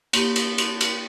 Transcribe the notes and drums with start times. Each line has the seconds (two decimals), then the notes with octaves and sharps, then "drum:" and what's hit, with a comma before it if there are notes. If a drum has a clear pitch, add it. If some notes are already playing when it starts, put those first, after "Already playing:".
0.13 A#3 G4, drum: cymbal
0.36 drum: cymbal
0.58 drum: cymbal
0.81 drum: cymbal